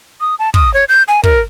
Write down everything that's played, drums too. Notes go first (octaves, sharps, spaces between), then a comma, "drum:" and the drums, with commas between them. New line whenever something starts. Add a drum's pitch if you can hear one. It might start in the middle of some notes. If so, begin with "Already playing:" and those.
D#6
A5
D#6, drum: kick
C#5
G6
G#5
A#4, drum: kick